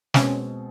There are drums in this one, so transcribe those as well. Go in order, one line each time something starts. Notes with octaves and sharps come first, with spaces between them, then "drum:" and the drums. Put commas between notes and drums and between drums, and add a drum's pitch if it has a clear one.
B2 G#3 C4 C#4, drum: snare